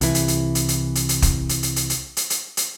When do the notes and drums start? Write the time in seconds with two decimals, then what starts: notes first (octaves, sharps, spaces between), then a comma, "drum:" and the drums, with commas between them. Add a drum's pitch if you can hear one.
0.01 C2 E3, drum: hi-hat
0.15 drum: hi-hat
0.28 drum: hi-hat
0.55 drum: hi-hat
0.68 drum: hi-hat
0.95 drum: hi-hat
1.09 drum: hi-hat
1.22 drum: kick, hi-hat
1.49 drum: hi-hat
1.63 drum: hi-hat
1.76 drum: hi-hat
1.90 drum: hi-hat
2.17 drum: hi-hat
2.30 drum: hi-hat
2.57 drum: hi-hat